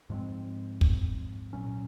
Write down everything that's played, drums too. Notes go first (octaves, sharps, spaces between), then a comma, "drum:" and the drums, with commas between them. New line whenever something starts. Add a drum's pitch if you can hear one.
G#2 F3 G#3 C4
drum: kick
C2 A#2 F#3 C#4